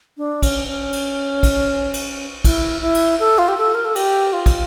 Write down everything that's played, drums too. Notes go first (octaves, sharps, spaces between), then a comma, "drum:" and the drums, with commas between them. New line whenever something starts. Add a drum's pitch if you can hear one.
D4
C#4, drum: kick, cymbal
C#4
drum: cymbal
drum: kick, cymbal
drum: cymbal
E4, drum: kick, cymbal
E4
drum: cymbal
A4
F4
G4
A4
A#4
A4
G4, drum: cymbal
F4
drum: kick, cymbal